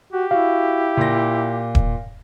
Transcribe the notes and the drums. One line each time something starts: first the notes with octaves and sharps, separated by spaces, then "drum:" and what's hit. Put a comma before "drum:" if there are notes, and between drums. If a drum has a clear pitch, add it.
F#4 G4
E4 F#4 F5
A#2 A#6
drum: kick D#1